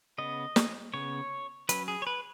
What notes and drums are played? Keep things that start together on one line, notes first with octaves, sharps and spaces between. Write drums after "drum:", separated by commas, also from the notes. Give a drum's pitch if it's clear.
C#3 B3 D#5
drum: snare
C#3 B3 C#5
F#3 C#4 B4, drum: hi-hat
G#4
C#5
B4